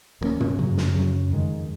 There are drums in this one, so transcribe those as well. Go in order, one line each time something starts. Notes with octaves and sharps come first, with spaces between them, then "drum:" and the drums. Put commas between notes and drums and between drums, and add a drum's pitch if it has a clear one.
D#2 D#3 A#3 C#4
drum: tom
F#2 C#3 F#3
drum: snare
F#2 C#3 F#3
F2 D#3 G#3